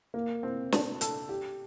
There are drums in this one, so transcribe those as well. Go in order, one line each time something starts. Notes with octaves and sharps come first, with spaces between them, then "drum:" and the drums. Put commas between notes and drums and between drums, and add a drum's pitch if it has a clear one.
A#3
C4
D4, drum: snare
A4, drum: hi-hat
G4